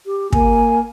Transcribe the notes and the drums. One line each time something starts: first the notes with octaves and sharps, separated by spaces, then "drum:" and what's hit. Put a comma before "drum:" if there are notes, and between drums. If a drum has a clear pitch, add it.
G4
A#3 G#5, drum: kick